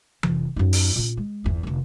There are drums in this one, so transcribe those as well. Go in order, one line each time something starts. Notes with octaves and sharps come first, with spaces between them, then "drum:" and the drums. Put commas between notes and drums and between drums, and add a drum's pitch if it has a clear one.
F1, drum: tom E3
F#2 D#4
drum: open hi-hat
A#2 C#4
G#3
G1 E2
F1 D3